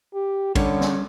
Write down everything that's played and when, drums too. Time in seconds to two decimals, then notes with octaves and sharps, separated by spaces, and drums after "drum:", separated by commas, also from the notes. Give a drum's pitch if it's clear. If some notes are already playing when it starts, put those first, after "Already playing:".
0.14 G4
0.55 D3 G3 C#4 C#5, drum: kick A1, cymbal
0.81 drum: snare